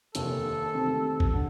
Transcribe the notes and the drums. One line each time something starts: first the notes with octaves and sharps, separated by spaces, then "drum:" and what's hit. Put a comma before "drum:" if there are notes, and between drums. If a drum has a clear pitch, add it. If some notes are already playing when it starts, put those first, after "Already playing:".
F1 D#2 D#3 A#3 A4, drum: hi-hat
C3 D#3 A3 C4
drum: kick A#1
D3